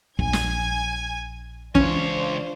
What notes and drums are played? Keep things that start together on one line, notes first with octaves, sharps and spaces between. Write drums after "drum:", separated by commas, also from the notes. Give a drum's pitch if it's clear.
A#1 G#5 G#6, drum: kick
drum: snare
C#2 E3 C#4 D4 F4 C5 C#5, drum: kick